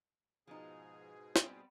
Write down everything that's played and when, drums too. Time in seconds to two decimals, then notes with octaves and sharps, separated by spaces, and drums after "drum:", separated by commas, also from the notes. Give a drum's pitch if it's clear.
0.47 G#2 B2 F3 D#4 G#4
1.36 G3 B3 C4, drum: snare